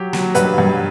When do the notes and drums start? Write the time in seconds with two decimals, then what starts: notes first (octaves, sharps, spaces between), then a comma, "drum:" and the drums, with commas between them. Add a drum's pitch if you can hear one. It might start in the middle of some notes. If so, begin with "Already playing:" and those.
Already playing: F#3 G4
0.13 F#3, drum: snare
0.35 G2 B4, drum: hi-hat
0.58 G2